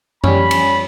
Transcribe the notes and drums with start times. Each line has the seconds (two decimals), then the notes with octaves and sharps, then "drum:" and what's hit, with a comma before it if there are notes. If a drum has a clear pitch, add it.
0.24 G3 C#4 B5, drum: tom F#2
0.51 drum: cymbal